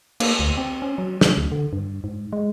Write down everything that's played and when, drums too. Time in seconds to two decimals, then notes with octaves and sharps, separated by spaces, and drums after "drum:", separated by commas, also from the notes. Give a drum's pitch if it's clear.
0.20 A#3, drum: cymbal
0.40 D2
0.57 C4
0.82 C#4
0.98 F#3
1.21 C#3, drum: snare
1.38 D2
1.52 D3
1.73 G2
2.04 G#2
2.33 G#3